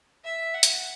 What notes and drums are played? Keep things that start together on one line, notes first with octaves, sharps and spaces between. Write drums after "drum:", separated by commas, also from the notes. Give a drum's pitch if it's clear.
E5
F#5
drum: hi-hat